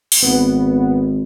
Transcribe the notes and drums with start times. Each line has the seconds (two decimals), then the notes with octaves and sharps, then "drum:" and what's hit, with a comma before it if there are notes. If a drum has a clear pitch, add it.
0.12 drum: open hi-hat
0.22 G#1 B3